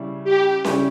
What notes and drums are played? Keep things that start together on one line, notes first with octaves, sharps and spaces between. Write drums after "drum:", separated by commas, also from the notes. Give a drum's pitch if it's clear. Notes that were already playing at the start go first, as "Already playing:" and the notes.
Already playing: C#3 G3 C#4 E4
G4
C#3 G3 C#4 E4, drum: snare C#4